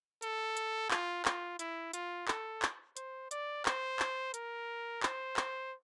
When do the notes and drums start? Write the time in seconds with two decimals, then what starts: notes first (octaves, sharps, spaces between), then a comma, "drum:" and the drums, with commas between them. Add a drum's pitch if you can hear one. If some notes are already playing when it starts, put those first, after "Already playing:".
0.22 A4, drum: hi-hat
0.57 drum: hi-hat
0.91 F4, drum: clap
1.25 F4, drum: clap
1.59 E4, drum: hi-hat
1.93 F4, drum: hi-hat
2.28 A4, drum: clap
2.62 drum: clap
2.97 C5, drum: hi-hat
3.31 D5, drum: hi-hat
3.66 C5, drum: clap
3.99 drum: clap
4.34 A#4, drum: hi-hat
5.03 C5, drum: clap
5.37 drum: clap